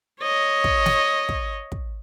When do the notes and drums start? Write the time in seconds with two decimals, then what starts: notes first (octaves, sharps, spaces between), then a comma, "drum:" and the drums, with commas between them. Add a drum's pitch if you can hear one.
0.21 C#5 D#5
0.64 drum: kick
0.86 drum: snare
1.29 drum: kick
1.72 drum: kick